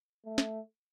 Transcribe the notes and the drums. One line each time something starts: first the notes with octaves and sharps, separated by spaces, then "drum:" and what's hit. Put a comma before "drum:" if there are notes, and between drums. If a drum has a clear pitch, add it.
A3
drum: snare